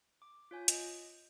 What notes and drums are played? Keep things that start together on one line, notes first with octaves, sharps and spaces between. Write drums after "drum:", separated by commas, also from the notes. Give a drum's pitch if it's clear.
D6
F4 C#5 G#5 G6
D#5, drum: hi-hat